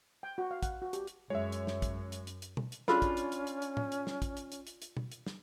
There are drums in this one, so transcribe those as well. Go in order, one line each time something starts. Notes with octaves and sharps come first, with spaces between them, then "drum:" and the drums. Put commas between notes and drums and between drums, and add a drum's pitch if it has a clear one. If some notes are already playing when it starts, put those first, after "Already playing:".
G5
F#4
F5
F#5, drum: kick, hi-hat
F#4
G4, drum: hi-hat
drum: hi-hat
F#2 G#3 C#5 E5
drum: hi-hat
drum: snare
drum: kick, hi-hat
drum: hi-hat
drum: hi-hat
drum: hi-hat
drum: tom
drum: hi-hat
C#4 D4 F4 F#4 G#4 A4 B5, drum: snare
drum: kick, hi-hat
drum: hi-hat
drum: hi-hat
drum: hi-hat
drum: hi-hat
drum: tom
drum: hi-hat
drum: snare
drum: kick, hi-hat
drum: hi-hat
drum: hi-hat
drum: hi-hat
drum: hi-hat
drum: tom
drum: hi-hat
drum: snare